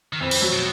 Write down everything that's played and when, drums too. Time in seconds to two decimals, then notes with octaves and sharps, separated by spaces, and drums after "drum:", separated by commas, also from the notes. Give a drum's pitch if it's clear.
0.13 D#3
0.21 F2 E3
0.31 drum: cymbal
0.42 F#3
0.53 B2